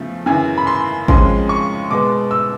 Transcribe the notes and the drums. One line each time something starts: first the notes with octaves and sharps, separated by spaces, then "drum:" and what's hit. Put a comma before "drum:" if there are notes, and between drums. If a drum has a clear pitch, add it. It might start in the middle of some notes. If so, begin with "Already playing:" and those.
Already playing: E2 C#3 F3 A3
F#2 C#3 E3 G#5
B5
C6
F2 C#3 F3 G#3 C#4 C6, drum: kick
C#6
B2 G#3 B3 D6
E6